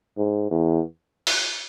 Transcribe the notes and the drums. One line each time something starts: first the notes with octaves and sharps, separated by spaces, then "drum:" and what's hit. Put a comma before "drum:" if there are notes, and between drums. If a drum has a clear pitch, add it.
G#2
E2
drum: open hi-hat